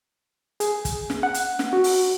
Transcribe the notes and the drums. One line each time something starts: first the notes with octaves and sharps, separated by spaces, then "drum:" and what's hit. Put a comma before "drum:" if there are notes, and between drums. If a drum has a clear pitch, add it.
G#4, drum: hi-hat
drum: kick, hi-hat
drum: snare
F#5
drum: hi-hat
drum: snare
F#4
drum: open hi-hat